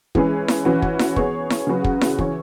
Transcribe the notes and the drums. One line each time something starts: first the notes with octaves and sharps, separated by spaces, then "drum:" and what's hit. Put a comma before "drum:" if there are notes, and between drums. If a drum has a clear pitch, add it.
E3 G#3 C#4 G#4 B4, drum: kick
drum: snare E4
E3 C#4 F#4 B4
drum: kick
drum: snare E4
B3 G#4 C#5, drum: kick
drum: snare E4
C#3 F#3 C#4 F#4 B4
drum: kick
drum: snare E4
E3 C#4 G#4 C#5, drum: kick